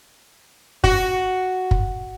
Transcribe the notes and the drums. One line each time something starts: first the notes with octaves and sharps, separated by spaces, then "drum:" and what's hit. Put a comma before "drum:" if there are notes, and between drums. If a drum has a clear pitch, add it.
F#4, drum: kick
drum: kick